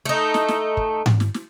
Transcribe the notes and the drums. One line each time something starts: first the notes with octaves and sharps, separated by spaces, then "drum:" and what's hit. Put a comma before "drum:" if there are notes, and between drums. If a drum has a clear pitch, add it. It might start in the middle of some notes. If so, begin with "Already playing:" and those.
A3 D#4
drum: snare
drum: snare
drum: kick
drum: tom G#2
drum: snare
drum: snare